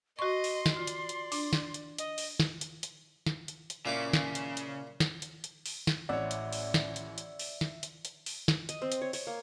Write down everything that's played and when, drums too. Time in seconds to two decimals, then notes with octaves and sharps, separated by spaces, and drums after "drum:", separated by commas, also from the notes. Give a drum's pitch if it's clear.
0.19 F#4 D#5 C6 C#6
0.44 drum: open hi-hat
0.66 drum: snare
0.76 F4 D5
0.87 drum: hi-hat
1.09 drum: hi-hat
1.32 D4, drum: open hi-hat
1.53 drum: snare
1.74 drum: hi-hat
1.98 D#5, drum: hi-hat
2.18 drum: open hi-hat
2.40 drum: snare
2.61 drum: hi-hat
2.83 drum: hi-hat
3.26 drum: snare
3.48 drum: hi-hat
3.70 drum: hi-hat
3.86 A#2 C#3 E4 D6
4.13 drum: snare
4.35 drum: hi-hat
4.57 drum: hi-hat
5.00 drum: snare
5.22 drum: hi-hat
5.44 drum: hi-hat
5.66 drum: open hi-hat
5.87 drum: snare
6.09 A1 A2 C#5 D5 E5 F#5
6.31 drum: hi-hat
6.53 drum: open hi-hat
6.74 drum: snare
6.96 drum: hi-hat
7.18 drum: hi-hat
7.39 drum: open hi-hat
7.61 drum: snare
7.83 drum: hi-hat
8.05 drum: hi-hat
8.26 drum: open hi-hat
8.48 drum: snare
8.69 D#5, drum: hi-hat
8.82 C4
8.92 drum: hi-hat
9.01 C#5
9.13 C#5, drum: open hi-hat
9.27 A#3